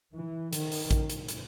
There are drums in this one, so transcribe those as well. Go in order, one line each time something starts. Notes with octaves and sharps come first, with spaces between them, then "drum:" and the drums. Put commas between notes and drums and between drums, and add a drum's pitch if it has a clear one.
E3
D#3, drum: hi-hat
drum: open hi-hat
drum: kick A1, hi-hat
drum: hi-hat
drum: hi-hat